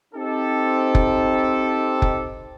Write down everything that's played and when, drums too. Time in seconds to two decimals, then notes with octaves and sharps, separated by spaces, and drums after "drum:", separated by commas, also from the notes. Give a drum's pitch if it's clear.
0.14 C4 D#4 G4 A4
0.95 drum: kick F1
2.02 drum: kick F1